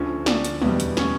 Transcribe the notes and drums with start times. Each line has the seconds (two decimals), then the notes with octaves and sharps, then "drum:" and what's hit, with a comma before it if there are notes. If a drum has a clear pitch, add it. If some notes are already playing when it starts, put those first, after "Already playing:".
Already playing: D2 D3 F3 C#4
0.26 D4, drum: snare
0.45 drum: hi-hat
0.62 E2 B2 G3, drum: tom
0.80 drum: hi-hat
0.97 C#4, drum: snare